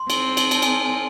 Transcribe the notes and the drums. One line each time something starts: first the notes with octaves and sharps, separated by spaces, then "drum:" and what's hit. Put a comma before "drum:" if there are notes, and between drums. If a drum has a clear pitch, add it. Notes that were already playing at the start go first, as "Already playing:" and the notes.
Already playing: C6
C4, drum: cymbal
drum: cymbal
A5, drum: cymbal
G#5, drum: cymbal
G#5